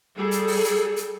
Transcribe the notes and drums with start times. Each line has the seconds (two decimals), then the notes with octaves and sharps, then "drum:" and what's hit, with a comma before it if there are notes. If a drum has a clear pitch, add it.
0.15 G3 G#4 A4
0.31 drum: hi-hat
0.47 drum: open hi-hat
0.64 drum: hi-hat
0.96 drum: hi-hat